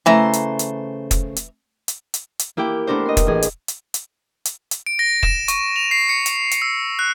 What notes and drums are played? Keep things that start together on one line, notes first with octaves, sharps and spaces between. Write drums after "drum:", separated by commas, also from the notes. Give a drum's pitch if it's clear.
C#3 E3 A3 C5 E5 A#5
drum: hi-hat
drum: hi-hat
drum: kick, hi-hat
drum: hi-hat
drum: hi-hat
drum: hi-hat
drum: hi-hat
A#3 E4 G4 G5
A3 B3 D4 A#4 C5
D#5 C6
drum: kick, hi-hat
A1 G#4
drum: hi-hat
drum: hi-hat
drum: hi-hat
drum: hi-hat
drum: hi-hat
D7
A#6
E7, drum: kick
C#6, drum: hi-hat
F7
C7
C#7
drum: hi-hat
drum: hi-hat
E6
F#6